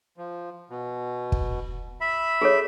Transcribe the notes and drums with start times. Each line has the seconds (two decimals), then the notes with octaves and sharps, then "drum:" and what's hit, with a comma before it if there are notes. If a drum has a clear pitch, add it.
0.17 F3
0.70 B2
1.32 drum: kick
2.01 E5 B5
2.42 G#4 A4 C#5